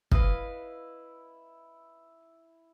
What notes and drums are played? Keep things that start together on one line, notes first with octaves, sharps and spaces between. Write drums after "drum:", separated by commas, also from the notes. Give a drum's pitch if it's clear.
E4 B4 D#5 F5, drum: kick